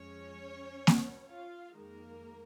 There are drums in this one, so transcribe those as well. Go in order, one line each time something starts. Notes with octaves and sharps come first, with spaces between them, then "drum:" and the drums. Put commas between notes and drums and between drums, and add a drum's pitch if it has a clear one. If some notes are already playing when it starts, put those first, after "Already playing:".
Already playing: F2 F3 G#3 C#4 C#5
drum: snare A#3
F4 F5
F2 D#3 G#3 A#3 A#4